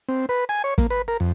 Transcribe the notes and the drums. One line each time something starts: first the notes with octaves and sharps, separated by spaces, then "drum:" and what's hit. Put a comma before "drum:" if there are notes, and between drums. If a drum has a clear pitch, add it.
C4
B4
G#5
C#5
A#3, drum: kick, hi-hat
B4
A#4
F2